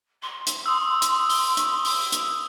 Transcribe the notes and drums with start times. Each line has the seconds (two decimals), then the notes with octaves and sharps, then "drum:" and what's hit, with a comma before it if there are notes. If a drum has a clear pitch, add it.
0.22 C6
0.47 drum: hi-hat
0.66 D#6 E6
1.02 drum: hi-hat
1.30 G7, drum: open hi-hat
1.57 drum: hi-hat
1.85 drum: open hi-hat
2.12 drum: hi-hat